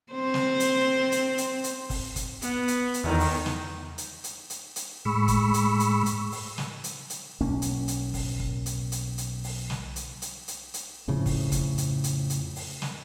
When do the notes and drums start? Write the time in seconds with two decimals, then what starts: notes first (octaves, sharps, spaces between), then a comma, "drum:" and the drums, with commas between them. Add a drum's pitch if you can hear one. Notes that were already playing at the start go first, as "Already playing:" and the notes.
0.12 C4 C5
0.34 drum: snare
0.60 drum: hi-hat
1.12 drum: hi-hat
1.38 drum: hi-hat
1.64 drum: hi-hat
1.90 drum: kick, open hi-hat
2.16 drum: kick, hi-hat
2.42 B3, drum: hi-hat
2.68 drum: hi-hat
2.94 drum: hi-hat
3.04 E2 D#3
3.20 drum: open hi-hat
3.46 drum: snare
3.98 drum: hi-hat
4.24 drum: hi-hat
4.50 drum: hi-hat
4.76 drum: hi-hat
5.05 A2 G#3 B5 C#6 E6
5.28 drum: kick, hi-hat
5.54 drum: hi-hat
5.80 drum: hi-hat
6.06 drum: hi-hat
6.32 drum: open hi-hat
6.58 drum: snare
6.84 drum: hi-hat
7.10 drum: hi-hat
7.41 B1 A#3 C#4
7.62 drum: hi-hat
7.88 drum: hi-hat
8.14 drum: kick, open hi-hat
8.40 drum: kick
8.66 drum: hi-hat
8.92 drum: hi-hat
9.18 drum: hi-hat
9.44 drum: open hi-hat
9.70 drum: snare
9.96 drum: hi-hat
10.22 drum: hi-hat
10.48 drum: hi-hat
10.74 drum: hi-hat
11.08 F2 A2 C#3 F3
11.26 drum: kick, open hi-hat
11.52 drum: kick, hi-hat
11.78 drum: hi-hat
12.04 drum: hi-hat
12.30 drum: hi-hat
12.56 drum: open hi-hat
12.82 drum: snare